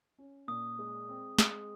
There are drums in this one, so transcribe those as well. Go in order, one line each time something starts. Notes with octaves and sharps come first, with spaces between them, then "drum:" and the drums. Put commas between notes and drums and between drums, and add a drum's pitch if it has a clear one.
C#4
A#2 D#6
G#3
C4
G#3, drum: snare